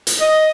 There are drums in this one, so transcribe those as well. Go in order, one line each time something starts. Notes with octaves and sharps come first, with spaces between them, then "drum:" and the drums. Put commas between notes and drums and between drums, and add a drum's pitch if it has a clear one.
drum: hi-hat
D#5